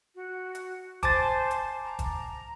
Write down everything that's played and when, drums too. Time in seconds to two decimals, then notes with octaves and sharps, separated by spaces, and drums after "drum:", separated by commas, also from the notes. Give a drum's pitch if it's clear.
0.15 F#4
0.55 drum: hi-hat
1.03 C5 G#5 A5 D6 A6, drum: kick, hi-hat
1.51 drum: hi-hat
1.83 A#5
1.99 drum: kick, hi-hat